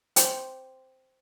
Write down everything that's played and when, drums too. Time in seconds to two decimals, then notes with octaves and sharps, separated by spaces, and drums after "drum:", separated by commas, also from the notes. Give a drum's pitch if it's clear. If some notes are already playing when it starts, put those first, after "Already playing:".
0.16 C5 G5, drum: hi-hat